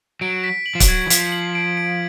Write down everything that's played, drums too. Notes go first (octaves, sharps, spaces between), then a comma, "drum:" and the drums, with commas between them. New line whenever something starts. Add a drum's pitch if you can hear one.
F#3 D7
B6
F#7
F3
F#3, drum: kick, hi-hat
G#6
E3
F3 B6, drum: hi-hat
F#7
D7
D7